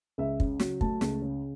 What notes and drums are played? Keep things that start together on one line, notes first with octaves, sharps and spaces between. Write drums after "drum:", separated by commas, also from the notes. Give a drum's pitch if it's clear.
C#2 E5
C#3, drum: kick
F#3, drum: snare
A3 A5, drum: kick
C#2, drum: snare
C#3